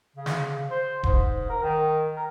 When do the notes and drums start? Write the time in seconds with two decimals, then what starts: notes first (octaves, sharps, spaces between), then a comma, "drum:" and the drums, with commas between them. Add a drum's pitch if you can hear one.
0.16 C#3
0.26 drum: snare
0.71 C5
1.03 G#2, drum: kick D#1
1.50 A#4
1.63 D#3
2.16 A#4